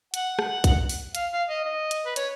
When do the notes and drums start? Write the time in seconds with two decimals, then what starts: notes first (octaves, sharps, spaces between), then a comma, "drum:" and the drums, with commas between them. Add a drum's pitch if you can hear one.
0.14 F#5, drum: hi-hat
0.39 drum: rim click
0.64 drum: kick A#1, hi-hat
0.89 drum: open hi-hat
1.15 F5, drum: hi-hat
1.32 F5
1.49 D#5
1.65 D#5
1.91 drum: hi-hat
2.05 B4
2.16 C#5, drum: hi-hat